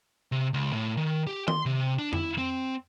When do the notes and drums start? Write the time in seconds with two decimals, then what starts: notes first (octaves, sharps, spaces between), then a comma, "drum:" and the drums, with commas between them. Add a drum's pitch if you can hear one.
0.32 C3
0.54 C#2
0.73 A2
0.97 D#3
1.27 G4
1.48 C6, drum: tom D#3
1.66 C3
1.99 D4
2.13 E4, drum: tom F2
2.38 C4